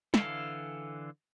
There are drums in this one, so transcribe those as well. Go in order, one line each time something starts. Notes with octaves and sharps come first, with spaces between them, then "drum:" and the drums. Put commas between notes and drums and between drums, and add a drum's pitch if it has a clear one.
D3 E3 A4 F5, drum: snare